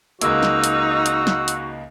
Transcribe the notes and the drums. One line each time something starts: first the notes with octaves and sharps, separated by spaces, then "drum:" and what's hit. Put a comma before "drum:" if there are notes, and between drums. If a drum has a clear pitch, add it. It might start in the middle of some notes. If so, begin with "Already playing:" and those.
C#2 G#3 A#3 D#4 F#4 E6, drum: hi-hat
drum: snare
drum: hi-hat
drum: hi-hat
drum: snare
drum: hi-hat